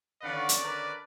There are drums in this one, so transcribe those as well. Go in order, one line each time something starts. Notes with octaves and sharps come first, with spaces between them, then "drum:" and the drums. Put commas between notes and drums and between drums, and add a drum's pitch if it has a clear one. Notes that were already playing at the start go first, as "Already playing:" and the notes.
D3 D#3 C#4 B4 D5 F5 F#5
drum: hi-hat
D4 A#4 B4